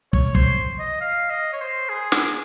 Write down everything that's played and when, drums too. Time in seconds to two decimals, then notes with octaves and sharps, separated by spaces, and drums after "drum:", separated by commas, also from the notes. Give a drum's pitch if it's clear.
0.13 C#5, drum: kick
0.35 C5, drum: kick
0.79 D#5
1.01 F5
1.30 D#5
1.53 C#5
1.61 C5
1.89 G#4
2.12 drum: snare